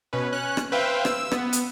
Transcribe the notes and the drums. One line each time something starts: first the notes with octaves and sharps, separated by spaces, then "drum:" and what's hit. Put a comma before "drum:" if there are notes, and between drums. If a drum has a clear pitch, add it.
B2 C#4 B4
C#4 F#6
drum: rim click
B4 C5 E5 F5 G5
E6, drum: rim click
B3, drum: rim click
drum: hi-hat